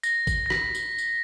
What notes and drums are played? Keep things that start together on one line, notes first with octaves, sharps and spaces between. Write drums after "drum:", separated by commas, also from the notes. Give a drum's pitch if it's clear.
A#6, drum: tambourine
drum: kick, tambourine
A#6
B6, drum: rim click
drum: tambourine
drum: tambourine